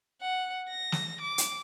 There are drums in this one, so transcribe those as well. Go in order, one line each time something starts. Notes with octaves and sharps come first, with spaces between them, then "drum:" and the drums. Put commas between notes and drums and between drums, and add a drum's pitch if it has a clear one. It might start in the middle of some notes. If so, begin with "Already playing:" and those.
F#5
A#6
drum: snare
D6
drum: hi-hat